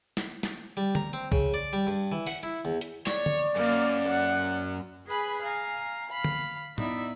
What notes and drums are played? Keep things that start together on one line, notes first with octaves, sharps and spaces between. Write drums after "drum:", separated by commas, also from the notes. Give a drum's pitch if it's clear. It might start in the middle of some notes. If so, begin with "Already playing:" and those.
drum: snare
drum: snare
G3
A#5, drum: tom D3
C4
C#3, drum: kick B1
D5
G3
G2
E3
F#5, drum: open hi-hat
E4
E2
drum: hi-hat
C#5 D5, drum: snare
drum: tom D3
F#2 A#3
F#5
G#4 B4 G#5 B5 F#6
F5 G#5 A#5
F5 B5
drum: tom D3
B3 D#4 E4 D5 E5, drum: tom A2